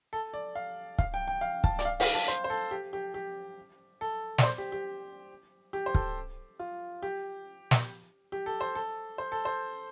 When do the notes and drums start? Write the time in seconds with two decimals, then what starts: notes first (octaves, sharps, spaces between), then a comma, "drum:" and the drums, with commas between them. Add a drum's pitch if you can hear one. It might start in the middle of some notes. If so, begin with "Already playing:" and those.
0.13 A4
0.34 D5
0.55 F5
0.98 F5, drum: kick
1.14 G5
1.28 G5
1.41 F5
1.64 A5, drum: kick
1.79 D5, drum: hi-hat
1.85 F5
2.00 F5, drum: open hi-hat
2.14 A5
2.28 C5
2.44 C5
2.50 A4
2.71 G4
2.93 G4
3.14 G4
4.01 A4
4.38 D5, drum: snare
4.43 C5
4.58 G4
4.72 G4
5.73 G4
5.86 C5
5.94 A4, drum: kick
6.59 F4
7.03 G4
7.71 drum: snare
8.32 G4
8.46 A4
8.61 C5
8.75 A4
9.18 C5
9.32 A4
9.45 C5